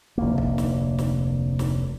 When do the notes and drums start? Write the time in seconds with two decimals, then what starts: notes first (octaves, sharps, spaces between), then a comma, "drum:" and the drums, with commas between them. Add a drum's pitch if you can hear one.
0.18 F1 D2 A#3
0.38 drum: kick
0.58 drum: snare
0.98 drum: snare
1.59 drum: snare